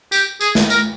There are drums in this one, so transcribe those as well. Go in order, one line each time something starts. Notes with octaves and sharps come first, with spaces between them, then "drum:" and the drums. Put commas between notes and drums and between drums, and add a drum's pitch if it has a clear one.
G4, drum: tambourine
G#4, drum: tambourine
drum: snare
A#4, drum: tambourine